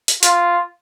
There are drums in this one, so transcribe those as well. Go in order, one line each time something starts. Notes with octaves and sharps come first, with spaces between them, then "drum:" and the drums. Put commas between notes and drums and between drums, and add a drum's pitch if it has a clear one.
drum: hi-hat
F4, drum: hi-hat